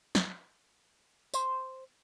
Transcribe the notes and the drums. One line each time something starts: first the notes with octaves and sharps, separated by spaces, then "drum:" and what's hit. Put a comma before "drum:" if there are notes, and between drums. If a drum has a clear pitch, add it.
drum: snare
C5, drum: tambourine